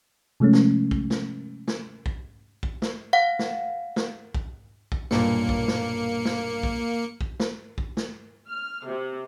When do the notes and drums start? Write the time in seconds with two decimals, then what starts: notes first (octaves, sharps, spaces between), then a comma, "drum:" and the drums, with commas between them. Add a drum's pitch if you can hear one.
0.40 C3 F3 G#3 A3 C#4
0.53 drum: snare
0.91 drum: kick A#1
1.10 drum: snare
1.68 drum: snare
2.06 drum: kick A#1
2.63 drum: kick A#1
2.82 drum: snare
3.13 F5 F#5
3.39 drum: snare
3.96 drum: snare
4.35 drum: kick A#1
4.92 drum: kick A#1
5.11 B1 G2 A#2 A#3 C#7, drum: snare
5.49 drum: kick A#1
5.68 drum: snare
6.25 drum: snare
6.63 drum: kick A#1
7.21 drum: kick A#1
7.40 drum: snare
7.78 drum: kick A#1
7.97 drum: snare
8.47 F6
8.85 C3